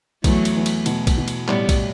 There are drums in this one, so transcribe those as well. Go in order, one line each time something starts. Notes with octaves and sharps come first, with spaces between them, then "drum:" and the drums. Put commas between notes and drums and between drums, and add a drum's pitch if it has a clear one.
E2 F#3 A3, drum: kick, cymbal
drum: cymbal
E2
drum: cymbal
B2, drum: cymbal
drum: kick, cymbal
B2
drum: cymbal
A2 G3 B3, drum: clap
drum: kick, cymbal